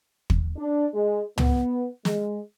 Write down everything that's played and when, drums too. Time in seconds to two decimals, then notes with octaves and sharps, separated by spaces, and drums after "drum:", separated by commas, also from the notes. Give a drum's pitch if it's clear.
0.30 drum: kick
0.56 D4
0.93 G#3
1.38 B3, drum: tom
2.05 G#3, drum: snare